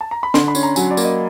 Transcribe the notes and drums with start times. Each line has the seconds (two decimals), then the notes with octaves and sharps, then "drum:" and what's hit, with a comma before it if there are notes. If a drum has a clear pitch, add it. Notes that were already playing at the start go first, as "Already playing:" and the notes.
0.01 A5
0.11 A#5
0.23 B5
0.34 D3 C6, drum: snare
0.48 B5
0.55 C#4, drum: tambourine
0.63 A#5
0.76 F#3 G#5, drum: tambourine
0.91 D5
0.97 A#3, drum: tambourine
1.04 D#5